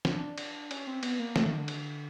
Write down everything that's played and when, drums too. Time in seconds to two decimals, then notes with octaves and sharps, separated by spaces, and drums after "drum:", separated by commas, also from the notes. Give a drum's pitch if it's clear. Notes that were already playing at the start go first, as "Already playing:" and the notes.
0.05 D4, drum: snare
0.38 drum: cymbal
0.71 C#4, drum: cymbal
0.87 C4
1.03 B3, drum: cymbal
1.19 A#3
1.36 A3, drum: snare
1.46 D#3
1.58 D3
1.68 drum: cymbal